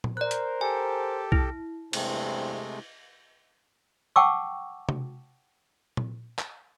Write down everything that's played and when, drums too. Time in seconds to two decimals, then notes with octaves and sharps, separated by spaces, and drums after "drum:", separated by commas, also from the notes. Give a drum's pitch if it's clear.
0.04 drum: tom A#2
0.17 A#4 C5 D5 F#6
0.31 drum: hi-hat
0.61 G4 A4 G#5
1.32 E4, drum: kick B1
1.93 E2 G2 C3 G#3 A3 C4, drum: cymbal
4.16 F#5 G5 A5 C#6 D6 E6
4.89 drum: tom C3
5.97 drum: tom A#2
6.39 drum: clap